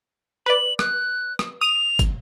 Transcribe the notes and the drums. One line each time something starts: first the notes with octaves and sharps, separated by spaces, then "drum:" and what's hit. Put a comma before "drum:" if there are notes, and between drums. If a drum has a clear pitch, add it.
B4 D5 F#7
F#6, drum: rim click
drum: rim click
D#6 D#7 F7
drum: kick, hi-hat